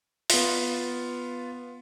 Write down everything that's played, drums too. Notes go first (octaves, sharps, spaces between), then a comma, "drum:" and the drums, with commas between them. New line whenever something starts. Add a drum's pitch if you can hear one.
B3 F4, drum: open hi-hat